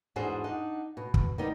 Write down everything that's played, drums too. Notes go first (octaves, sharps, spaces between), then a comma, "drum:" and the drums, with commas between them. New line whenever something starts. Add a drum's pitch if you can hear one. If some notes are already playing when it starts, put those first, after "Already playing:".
E2 G#2 D4 F#4 G#4 C5
D4 D#4 F#5
B2
drum: kick
D#3 G3 B3 D#4